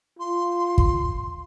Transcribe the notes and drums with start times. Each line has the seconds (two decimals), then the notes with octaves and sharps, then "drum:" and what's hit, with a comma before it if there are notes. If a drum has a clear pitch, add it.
0.19 F4 C6
0.78 drum: kick